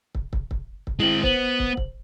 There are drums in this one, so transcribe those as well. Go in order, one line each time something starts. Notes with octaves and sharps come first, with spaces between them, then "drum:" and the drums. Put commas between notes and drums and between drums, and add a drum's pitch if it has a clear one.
drum: kick
drum: kick
drum: kick
drum: kick
G#3 C4 E4 F#7 G7
B3 C5 F#7, drum: kick
drum: kick
drum: kick